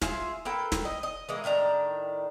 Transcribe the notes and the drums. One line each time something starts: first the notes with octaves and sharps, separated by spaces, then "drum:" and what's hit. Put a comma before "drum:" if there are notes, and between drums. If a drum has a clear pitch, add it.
F4 G#4 E5, drum: snare
A#3 A4 B4 G5
drum: snare
D#5
D#5
E3 G#3 A#3
A2 D#3 D4 A#5